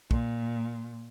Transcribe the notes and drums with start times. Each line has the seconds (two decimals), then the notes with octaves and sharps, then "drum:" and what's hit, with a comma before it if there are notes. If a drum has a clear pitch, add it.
0.11 A#2, drum: kick